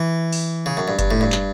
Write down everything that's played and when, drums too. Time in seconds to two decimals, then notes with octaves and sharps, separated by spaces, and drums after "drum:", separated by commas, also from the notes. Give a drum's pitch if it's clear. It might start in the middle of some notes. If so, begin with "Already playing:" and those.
Already playing: E3
0.32 drum: open hi-hat
0.66 C#3
0.77 F#2
0.88 G2
0.99 G2, drum: kick F#1, hi-hat
1.11 A2
1.21 G2
1.32 drum: clap